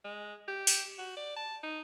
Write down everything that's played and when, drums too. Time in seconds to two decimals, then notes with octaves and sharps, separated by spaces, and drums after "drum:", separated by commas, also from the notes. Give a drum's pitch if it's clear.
0.04 G#3
0.48 G4
0.67 drum: open hi-hat
0.98 F#4
1.17 D5
1.36 A5
1.63 D#4